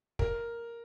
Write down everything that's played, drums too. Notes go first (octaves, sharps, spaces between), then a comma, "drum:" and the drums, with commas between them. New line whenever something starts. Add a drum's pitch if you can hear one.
A#4, drum: kick